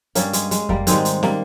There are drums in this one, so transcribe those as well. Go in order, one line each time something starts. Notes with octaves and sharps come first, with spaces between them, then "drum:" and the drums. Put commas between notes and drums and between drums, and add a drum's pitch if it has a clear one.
G2 G3 A#3 C#4, drum: hi-hat
G#3, drum: hi-hat
G#3, drum: hi-hat
G3 A#3, drum: kick F2
G#2 D#3 G3 G#3 C4, drum: hi-hat
drum: hi-hat
G3 A#3, drum: snare